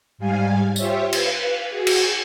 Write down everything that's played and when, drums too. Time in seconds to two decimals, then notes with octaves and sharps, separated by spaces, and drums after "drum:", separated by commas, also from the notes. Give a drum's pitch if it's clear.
0.18 G#2 G3 F5 G#5
0.76 F4 G4 C5 C#5 E5, drum: tambourine
1.13 B4 F5, drum: cymbal
1.70 F#4 G#4
1.87 drum: cymbal